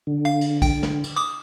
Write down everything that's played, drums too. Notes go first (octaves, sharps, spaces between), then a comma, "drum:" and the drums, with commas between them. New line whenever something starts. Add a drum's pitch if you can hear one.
D3
F5
drum: cymbal
G5, drum: kick, cymbal
drum: snare
drum: cymbal
D6 D#6